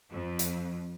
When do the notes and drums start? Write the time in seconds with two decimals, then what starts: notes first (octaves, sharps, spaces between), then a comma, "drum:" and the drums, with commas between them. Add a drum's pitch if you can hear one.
0.10 F2
0.39 drum: hi-hat